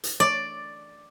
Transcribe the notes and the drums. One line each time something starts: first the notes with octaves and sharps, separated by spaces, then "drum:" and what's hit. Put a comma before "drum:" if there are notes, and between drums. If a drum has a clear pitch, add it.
drum: hi-hat
D5